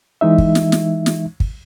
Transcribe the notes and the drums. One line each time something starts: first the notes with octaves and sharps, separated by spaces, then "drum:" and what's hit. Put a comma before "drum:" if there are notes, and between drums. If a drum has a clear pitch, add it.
E3 G#3 D#4 E5
drum: kick
drum: snare
drum: snare
drum: snare
drum: kick